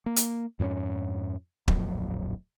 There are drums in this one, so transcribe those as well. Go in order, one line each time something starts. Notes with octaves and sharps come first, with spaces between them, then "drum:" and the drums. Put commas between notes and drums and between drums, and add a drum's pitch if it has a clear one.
A#3
drum: hi-hat
F2 G#2 A#3 C#4
D1 A#1 F2 F#3, drum: kick